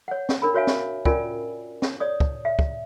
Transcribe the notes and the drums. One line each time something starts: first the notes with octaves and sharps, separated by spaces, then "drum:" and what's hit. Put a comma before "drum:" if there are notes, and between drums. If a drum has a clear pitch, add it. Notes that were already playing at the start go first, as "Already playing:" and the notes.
C#5 F#5
drum: snare
D4 A#4 B5
F#4 B4 C#5 E5 F5 G#5
drum: snare
C#4 F4 A#4 D5 G#5, drum: kick
drum: snare
C#5 D5 D#6
drum: kick
E5
drum: kick